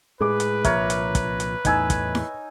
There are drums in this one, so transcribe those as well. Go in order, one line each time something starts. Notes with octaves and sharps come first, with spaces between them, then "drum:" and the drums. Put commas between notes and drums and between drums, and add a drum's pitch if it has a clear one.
A2 G#3 G#4 B4 D6
drum: hi-hat
C2 A#2 F3 A#4 C#5 E5, drum: kick, hi-hat
drum: hi-hat
drum: kick, hi-hat
drum: hi-hat
E2 A2 D#4 G#5 E6, drum: kick, hi-hat
drum: kick, hi-hat
drum: snare E4